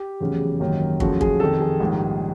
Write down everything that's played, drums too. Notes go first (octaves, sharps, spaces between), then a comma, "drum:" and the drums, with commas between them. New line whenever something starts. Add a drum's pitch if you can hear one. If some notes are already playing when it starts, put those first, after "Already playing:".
Already playing: G4
F1 E2 C#3 F#3
G#1 F#2 D#3 F#3 A#3
F#2 C#3 F3 A3 F#4, drum: kick
G#4, drum: kick
F2 C3 D#3 A4
G#4
A#1 G#2 D#3 G3 A#3